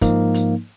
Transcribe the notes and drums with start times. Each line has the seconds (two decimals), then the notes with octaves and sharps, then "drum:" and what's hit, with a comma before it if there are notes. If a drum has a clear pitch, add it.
0.01 G#2 F3 A#3 D#4, drum: kick, hi-hat
0.34 drum: hi-hat